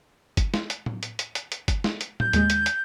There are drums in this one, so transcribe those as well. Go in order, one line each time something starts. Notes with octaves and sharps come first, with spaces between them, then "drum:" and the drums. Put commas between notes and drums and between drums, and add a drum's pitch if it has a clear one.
drum: kick G1, hi-hat
drum: snare
drum: hi-hat
drum: tom A2
drum: hi-hat
drum: hi-hat
drum: hi-hat
drum: hi-hat
drum: kick G1, hi-hat
drum: snare
drum: hi-hat
G6, drum: tom A2
D#2 G#3, drum: hi-hat
drum: hi-hat
drum: hi-hat